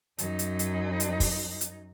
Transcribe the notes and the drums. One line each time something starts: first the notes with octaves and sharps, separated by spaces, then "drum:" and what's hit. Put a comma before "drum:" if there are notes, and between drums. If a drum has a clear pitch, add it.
F#2 D#4, drum: hi-hat
drum: hi-hat
drum: hi-hat
drum: hi-hat
drum: kick, open hi-hat
drum: hi-hat